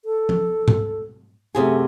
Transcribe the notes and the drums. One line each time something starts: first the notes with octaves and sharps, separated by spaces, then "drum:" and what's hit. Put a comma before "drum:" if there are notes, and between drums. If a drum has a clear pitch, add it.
A4
drum: tom
drum: tom G#2
F#2 C3 A3 G#4